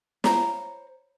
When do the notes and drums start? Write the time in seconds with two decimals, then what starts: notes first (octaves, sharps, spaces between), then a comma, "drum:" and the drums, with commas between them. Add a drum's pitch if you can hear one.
0.24 C5 C#5 A#5 B5, drum: snare